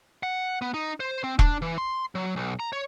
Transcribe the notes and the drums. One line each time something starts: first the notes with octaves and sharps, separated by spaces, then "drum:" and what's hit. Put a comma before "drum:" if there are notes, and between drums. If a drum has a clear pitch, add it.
F#5
B3
D#4
C5
C4
D4, drum: kick E1
E3
C6
F#3
B1
A#5
C#5